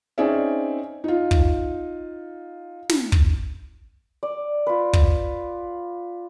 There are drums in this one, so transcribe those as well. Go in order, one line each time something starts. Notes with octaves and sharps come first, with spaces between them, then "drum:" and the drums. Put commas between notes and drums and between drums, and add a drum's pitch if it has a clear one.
C4 C#4 D#4 G#4 D5 E5
D#4 F4
drum: kick
drum: snare
drum: kick
D5
F4 B4
drum: kick